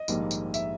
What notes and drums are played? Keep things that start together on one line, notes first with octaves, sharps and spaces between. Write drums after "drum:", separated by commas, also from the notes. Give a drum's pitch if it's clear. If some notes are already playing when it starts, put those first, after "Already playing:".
Already playing: D#5
A#1 G#2 D#3 G3 A#3, drum: tambourine
drum: tambourine
E5, drum: tambourine